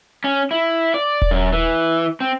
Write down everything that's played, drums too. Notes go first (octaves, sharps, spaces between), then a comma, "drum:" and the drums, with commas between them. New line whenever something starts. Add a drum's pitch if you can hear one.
C#4
E4
D5
drum: kick D#1
F#2
E3
C4